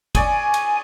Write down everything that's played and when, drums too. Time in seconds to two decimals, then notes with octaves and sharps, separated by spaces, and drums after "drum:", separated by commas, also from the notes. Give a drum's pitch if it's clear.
0.15 G#4 C#5 D5 G#5, drum: kick, cymbal
0.54 drum: cymbal